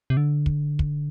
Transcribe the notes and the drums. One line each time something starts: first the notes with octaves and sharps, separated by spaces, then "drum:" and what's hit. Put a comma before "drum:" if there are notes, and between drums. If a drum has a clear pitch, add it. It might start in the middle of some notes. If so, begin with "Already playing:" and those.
C3
D3
drum: kick
drum: kick